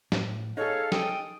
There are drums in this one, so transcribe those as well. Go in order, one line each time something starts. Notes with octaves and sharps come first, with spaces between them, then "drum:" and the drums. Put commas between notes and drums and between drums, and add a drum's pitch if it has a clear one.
A2, drum: snare
D#4 G#4 A4 C#5 F5
G5 D#6, drum: snare